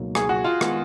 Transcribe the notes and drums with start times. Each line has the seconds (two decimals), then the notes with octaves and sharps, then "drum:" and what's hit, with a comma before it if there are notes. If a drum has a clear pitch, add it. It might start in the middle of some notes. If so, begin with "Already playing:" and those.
Already playing: C#2 B2 F#3 A#3 D#4
0.15 G#4, drum: rim click
0.29 F#4
0.44 F4
0.61 D#3 G#3 B3, drum: rim click